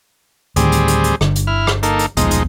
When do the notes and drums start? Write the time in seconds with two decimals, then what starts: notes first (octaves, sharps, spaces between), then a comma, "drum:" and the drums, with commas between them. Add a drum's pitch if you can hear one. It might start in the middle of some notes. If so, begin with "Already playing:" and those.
0.56 D2 A2 D#3 G3 C4 G#4, drum: hi-hat
0.72 drum: hi-hat
0.88 drum: hi-hat
1.04 drum: hi-hat
1.21 G1 D3, drum: rim click
1.36 drum: hi-hat
1.47 E4 F6
1.67 drum: rim click
1.83 A#3 D#4 A4, drum: hi-hat
1.99 drum: hi-hat
2.17 D#1 B1 F3 G#3 B3 D#4, drum: hi-hat
2.31 drum: hi-hat